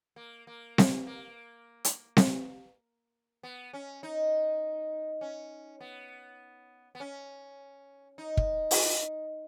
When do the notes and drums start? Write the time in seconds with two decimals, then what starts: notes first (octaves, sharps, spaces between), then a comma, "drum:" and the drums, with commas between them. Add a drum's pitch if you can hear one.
0.16 A#3
0.47 A#3
0.78 drum: snare C4
1.07 A#3
1.84 drum: hi-hat
2.17 drum: snare C4
3.43 B3
3.73 C#4
4.03 D#4
5.21 C#4
5.80 B3
6.95 B3
7.00 C#4
8.18 D#4
8.37 drum: kick
8.71 drum: open hi-hat